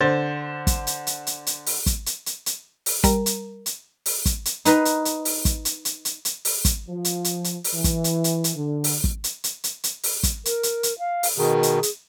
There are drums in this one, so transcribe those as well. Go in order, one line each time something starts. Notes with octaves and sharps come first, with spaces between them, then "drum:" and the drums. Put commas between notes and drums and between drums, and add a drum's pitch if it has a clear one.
D3 C5 A6
drum: kick, hi-hat
drum: hi-hat
drum: hi-hat
drum: hi-hat
drum: hi-hat
drum: open hi-hat
drum: kick, hi-hat
drum: hi-hat
drum: hi-hat
drum: hi-hat
drum: open hi-hat
G3 A#4 A#5, drum: kick, hi-hat
drum: hi-hat
drum: hi-hat
drum: open hi-hat
drum: kick, hi-hat
drum: hi-hat
D#4 B4 D#5 C6, drum: hi-hat
drum: hi-hat
drum: hi-hat
drum: open hi-hat
drum: kick, hi-hat
drum: hi-hat
drum: hi-hat
drum: hi-hat
drum: hi-hat
drum: open hi-hat
drum: kick, hi-hat
F3
drum: hi-hat
drum: hi-hat
drum: hi-hat
drum: open hi-hat
E3
drum: kick, hi-hat
drum: hi-hat
drum: hi-hat
drum: hi-hat
D3
drum: open hi-hat
drum: kick
drum: hi-hat
drum: hi-hat
drum: hi-hat
drum: hi-hat
drum: open hi-hat
drum: kick, hi-hat
A#4, drum: hi-hat
drum: hi-hat
drum: hi-hat
F5
drum: open hi-hat
B2 D#3 G#4
drum: hi-hat
drum: hi-hat